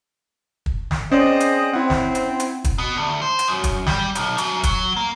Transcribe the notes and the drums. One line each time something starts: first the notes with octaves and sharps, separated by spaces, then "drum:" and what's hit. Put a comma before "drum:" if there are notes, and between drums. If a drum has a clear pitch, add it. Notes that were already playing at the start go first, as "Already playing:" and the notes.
drum: kick
drum: snare
C4 C#4 G#4 C5 D5 D#5 G6
drum: hi-hat
C4 E4 F#5
drum: snare
drum: hi-hat
drum: hi-hat
drum: kick, hi-hat
B2
D2
C5
drum: hi-hat
F#2
drum: kick, hi-hat
G3, drum: snare
B1, drum: hi-hat
F#2, drum: hi-hat
F#3, drum: kick, hi-hat
A#3